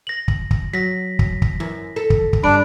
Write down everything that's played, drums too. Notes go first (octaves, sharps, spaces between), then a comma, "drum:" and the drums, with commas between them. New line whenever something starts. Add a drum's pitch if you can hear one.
A#6 F#7
drum: kick
drum: kick
F#3 A#6 B6
drum: kick
drum: kick
F#2 E3
A4
drum: kick
drum: kick
G2 D4 B5 D7